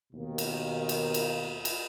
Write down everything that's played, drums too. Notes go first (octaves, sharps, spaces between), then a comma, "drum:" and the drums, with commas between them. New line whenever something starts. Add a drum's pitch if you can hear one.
D#2 B2 D#3 A#3
drum: cymbal
drum: cymbal
drum: cymbal
drum: cymbal